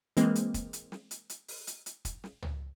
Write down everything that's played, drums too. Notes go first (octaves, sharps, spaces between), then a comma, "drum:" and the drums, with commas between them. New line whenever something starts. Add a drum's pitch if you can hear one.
E3 G#3 A#3 C4, drum: hi-hat
drum: hi-hat
drum: kick, hi-hat
drum: hi-hat
drum: snare
drum: hi-hat
drum: hi-hat
drum: open hi-hat
drum: hi-hat
drum: hi-hat
drum: kick, hi-hat
drum: snare
drum: tom